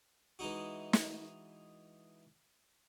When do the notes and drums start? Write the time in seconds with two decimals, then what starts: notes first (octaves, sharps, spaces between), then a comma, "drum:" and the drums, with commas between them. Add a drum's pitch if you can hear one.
0.39 E3 G#3 D#4 F#4
0.93 drum: snare